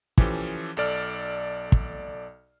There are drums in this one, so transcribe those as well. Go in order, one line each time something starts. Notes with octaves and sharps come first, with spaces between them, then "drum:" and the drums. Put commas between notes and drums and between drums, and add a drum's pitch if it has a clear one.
E3 F3 C#4 G4 A4, drum: kick
B1 A4 D5 F6
drum: kick